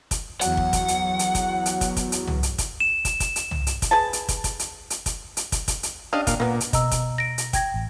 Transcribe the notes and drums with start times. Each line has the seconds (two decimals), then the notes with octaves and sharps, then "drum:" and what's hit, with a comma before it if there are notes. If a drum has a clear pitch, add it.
0.11 drum: kick, hi-hat
0.41 E2 F#3 F#5, drum: hi-hat
0.57 drum: kick
0.73 drum: kick, hi-hat
0.88 drum: hi-hat
1.19 drum: hi-hat
1.35 drum: kick, hi-hat
1.66 drum: hi-hat
1.81 drum: kick, hi-hat
1.97 drum: kick, hi-hat
2.12 drum: hi-hat
2.27 drum: tom C2
2.43 drum: hi-hat
2.58 drum: kick, hi-hat
2.80 E7
3.05 drum: kick, hi-hat
3.20 drum: kick, hi-hat
3.36 drum: hi-hat
3.51 drum: tom C2
3.67 drum: hi-hat
3.82 drum: kick, hi-hat
3.91 G#4 B4 A5
4.13 drum: hi-hat
4.29 drum: kick, hi-hat
4.44 drum: kick, hi-hat
4.59 drum: hi-hat
4.90 drum: hi-hat
5.06 drum: kick, hi-hat
5.37 drum: hi-hat
5.52 drum: kick, hi-hat
5.68 drum: kick, hi-hat
5.83 drum: hi-hat
6.13 C#4 D4 G4 D#5 F5
6.27 A#2 F5, drum: kick, hi-hat
6.40 A#2 A#3 B3
6.60 drum: hi-hat
6.73 B2 D#5 A#5 E6, drum: kick, hi-hat
6.91 drum: kick, hi-hat
7.18 A#6 D7
7.38 drum: hi-hat
7.53 G5 G#6 A#6, drum: kick, hi-hat
7.74 A1